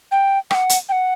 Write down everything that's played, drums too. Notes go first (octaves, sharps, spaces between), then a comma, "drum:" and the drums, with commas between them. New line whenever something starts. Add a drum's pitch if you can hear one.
G5
G5, drum: rim click
F#5
drum: hi-hat
G5
F#5